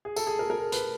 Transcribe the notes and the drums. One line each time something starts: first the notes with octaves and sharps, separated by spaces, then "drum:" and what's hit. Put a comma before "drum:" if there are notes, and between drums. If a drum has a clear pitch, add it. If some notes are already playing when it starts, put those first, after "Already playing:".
G#4
A4, drum: tambourine
G#4
A#4
A#4
B4, drum: hi-hat